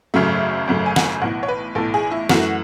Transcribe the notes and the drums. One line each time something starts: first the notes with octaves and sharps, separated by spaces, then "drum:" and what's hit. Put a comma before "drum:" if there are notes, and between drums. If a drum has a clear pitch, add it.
G#1 F#2 C#3 F#3 A3 E5
G#1 F#2 C#3 F#3 A3
G#5
F#5, drum: snare
G#5
B1 A2 E3 F#5
C#5
B4
B1 A2 E3 A4
G#4
E4
F#2 E3 A3 F#4, drum: snare